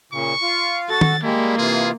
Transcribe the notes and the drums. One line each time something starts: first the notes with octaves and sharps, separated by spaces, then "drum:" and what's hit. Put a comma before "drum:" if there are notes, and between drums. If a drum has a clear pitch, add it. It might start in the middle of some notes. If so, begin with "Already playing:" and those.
A#2 C#3 C#6
F4
F#4 A4 A6
drum: tom D#3
G3 G#3 A#3 E4
C3 E3 F4 G#4